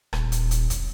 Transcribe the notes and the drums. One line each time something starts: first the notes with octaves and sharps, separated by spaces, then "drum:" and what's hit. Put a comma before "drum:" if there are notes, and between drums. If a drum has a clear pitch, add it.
D#1, drum: rim click
drum: hi-hat
drum: hi-hat
drum: kick, hi-hat